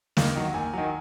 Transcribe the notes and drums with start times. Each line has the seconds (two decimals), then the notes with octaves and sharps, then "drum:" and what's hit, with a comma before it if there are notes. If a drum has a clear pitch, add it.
0.17 D#2 F5, drum: snare
0.35 D#3 F#3
0.54 D#2 G#5
0.73 D#3 F#3